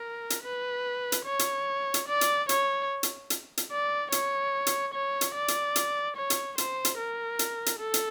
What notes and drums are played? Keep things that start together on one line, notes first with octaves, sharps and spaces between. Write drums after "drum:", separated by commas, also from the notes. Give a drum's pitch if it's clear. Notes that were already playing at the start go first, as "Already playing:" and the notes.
Already playing: A#4
drum: hi-hat
B4
drum: hi-hat
C#5
drum: hi-hat
drum: hi-hat
D5
drum: hi-hat
C#5, drum: hi-hat
drum: hi-hat
drum: hi-hat
drum: hi-hat
D5
C#5, drum: hi-hat
drum: hi-hat
C#5
drum: hi-hat
D5
drum: hi-hat
drum: hi-hat
C#5
drum: hi-hat
C5, drum: hi-hat
drum: hi-hat
A#4
drum: hi-hat
drum: hi-hat
A4
drum: hi-hat